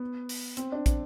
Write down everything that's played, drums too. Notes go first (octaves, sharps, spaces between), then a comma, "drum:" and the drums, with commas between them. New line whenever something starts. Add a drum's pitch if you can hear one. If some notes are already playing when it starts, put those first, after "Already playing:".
Already playing: B3
drum: open hi-hat
C4, drum: hi-hat
D4
drum: kick, hi-hat